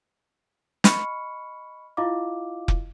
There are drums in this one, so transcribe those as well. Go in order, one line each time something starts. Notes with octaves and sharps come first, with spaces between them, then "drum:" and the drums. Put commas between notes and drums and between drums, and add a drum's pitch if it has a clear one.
D#5 B5 C#6 F6 C#7, drum: snare
E4 F4 D#5 F5 D6
drum: kick F1